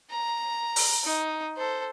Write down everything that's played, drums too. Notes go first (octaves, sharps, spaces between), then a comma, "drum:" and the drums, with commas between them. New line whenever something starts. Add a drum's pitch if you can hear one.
A#5
drum: open hi-hat
D#4
A4 C5